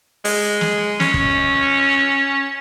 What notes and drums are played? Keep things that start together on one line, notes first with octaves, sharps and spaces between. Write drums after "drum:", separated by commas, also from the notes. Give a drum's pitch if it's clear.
G#3, drum: open hi-hat
drum: snare
C#4, drum: snare
drum: kick